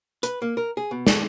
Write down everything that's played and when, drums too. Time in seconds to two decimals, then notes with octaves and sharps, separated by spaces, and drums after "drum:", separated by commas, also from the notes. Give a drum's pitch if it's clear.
0.23 B4, drum: hi-hat
0.42 A#3
0.57 A#4
0.77 G#4
0.91 B2
1.07 D4, drum: snare